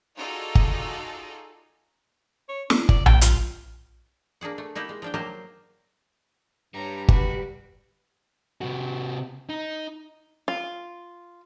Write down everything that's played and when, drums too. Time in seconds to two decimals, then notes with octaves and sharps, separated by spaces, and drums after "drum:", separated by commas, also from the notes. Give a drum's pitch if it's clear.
0.17 D#4 F4 F#4 G#4 A4 D5
0.55 drum: kick G1
2.49 C#5
2.70 D4, drum: snare
2.89 D5, drum: kick G1
3.06 G5, drum: tom A#1
3.21 F4, drum: hi-hat
4.41 A#3 D4 G#4 F#5
4.58 A3
4.75 A#3 D#4 E4 G4
4.89 G#3
5.02 F3 D4 G5
5.14 F#3 A#3 G4 A#4 C5 D#5
6.74 G2 G3 C#5 A#5
7.08 F#4 G4 B4, drum: kick G1
8.61 C3 F#4
9.49 D#4
10.48 F4